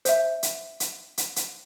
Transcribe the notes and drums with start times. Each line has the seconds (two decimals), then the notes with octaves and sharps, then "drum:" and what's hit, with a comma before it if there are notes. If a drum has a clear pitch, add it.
0.05 C5 E5, drum: hi-hat
0.43 drum: hi-hat
0.80 drum: hi-hat
1.18 drum: hi-hat
1.36 drum: hi-hat